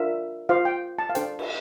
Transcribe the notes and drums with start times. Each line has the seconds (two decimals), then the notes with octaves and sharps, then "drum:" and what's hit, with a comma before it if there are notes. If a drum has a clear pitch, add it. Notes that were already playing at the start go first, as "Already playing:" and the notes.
Already playing: D4 F4 A#4 E5
0.49 F4 C5 F5
0.65 G5
0.99 A5
1.10 F5
1.15 D4 A4 C5 G5, drum: hi-hat
1.39 drum: cymbal